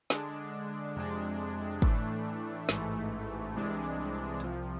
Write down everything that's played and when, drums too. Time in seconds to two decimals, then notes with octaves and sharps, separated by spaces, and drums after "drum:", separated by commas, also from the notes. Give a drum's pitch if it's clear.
0.10 D3 G#3 D4, drum: snare
0.96 F2 C3 G#3 D4
1.82 A2 E3 A3 D4, drum: kick
2.69 A1 G#2 E3 A3, drum: snare
3.54 C2 C3 E3 G#3 D4
4.40 C2 C3 F3, drum: hi-hat